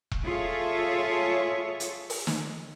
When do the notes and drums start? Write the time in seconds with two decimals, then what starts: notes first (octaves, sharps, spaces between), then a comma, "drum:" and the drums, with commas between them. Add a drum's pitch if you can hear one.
0.11 drum: kick E1
0.24 F4 G#4 A4 C#5 E5
1.80 drum: hi-hat
2.10 drum: open hi-hat
2.27 drum: snare